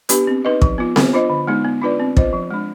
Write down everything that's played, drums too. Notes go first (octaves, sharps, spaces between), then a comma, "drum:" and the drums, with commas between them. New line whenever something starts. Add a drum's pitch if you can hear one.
B3 D4 G4 B4, drum: hi-hat
C4
D#4 B4 D#5
F3, drum: kick
B3 F4
B3, drum: snare C4
D4 F4 C5 D#5
D3
G#3 B3 D#4
B3
D4 F4 B4 D5
C4
F4 C5 D#5, drum: kick
F3
G#3 D4